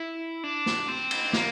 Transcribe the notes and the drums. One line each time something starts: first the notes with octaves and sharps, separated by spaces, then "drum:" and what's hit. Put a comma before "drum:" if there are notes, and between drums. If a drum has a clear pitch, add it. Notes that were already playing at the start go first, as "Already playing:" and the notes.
Already playing: E4
D4
drum: snare
C4
drum: cymbal
A#3, drum: snare